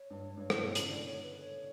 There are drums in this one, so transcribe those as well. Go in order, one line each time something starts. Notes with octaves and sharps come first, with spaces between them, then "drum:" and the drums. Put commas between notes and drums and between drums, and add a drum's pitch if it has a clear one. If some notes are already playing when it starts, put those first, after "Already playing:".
Already playing: C#5
G2
G2
A2, drum: rim click
B2
C#3, drum: hi-hat
D3 D5
C#5
B4
C#5